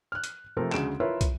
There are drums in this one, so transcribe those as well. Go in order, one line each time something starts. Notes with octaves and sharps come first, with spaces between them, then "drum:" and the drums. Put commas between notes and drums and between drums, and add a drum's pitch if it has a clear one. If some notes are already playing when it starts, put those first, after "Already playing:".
F6 F#6
drum: hi-hat
C3 F3 A3 A4 A#4 C5
D2 C#3 G#3 D7 E7, drum: clap
E4 F4 A#4 B4 C#5 E5
drum: kick, hi-hat